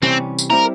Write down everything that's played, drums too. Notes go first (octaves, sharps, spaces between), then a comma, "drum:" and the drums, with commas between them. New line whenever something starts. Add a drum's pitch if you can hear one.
C3 E3 G3 C4 C#4
drum: tambourine
G3 C4 E4 A#4